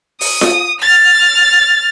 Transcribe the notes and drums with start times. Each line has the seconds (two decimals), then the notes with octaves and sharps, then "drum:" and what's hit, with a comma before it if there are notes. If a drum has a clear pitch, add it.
0.21 D#6, drum: open hi-hat
0.41 drum: snare F4
0.80 F6 A6